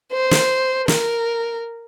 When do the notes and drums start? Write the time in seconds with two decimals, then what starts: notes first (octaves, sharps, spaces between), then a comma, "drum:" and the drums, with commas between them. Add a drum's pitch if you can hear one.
0.13 C5
0.31 drum: snare
0.88 A#4, drum: snare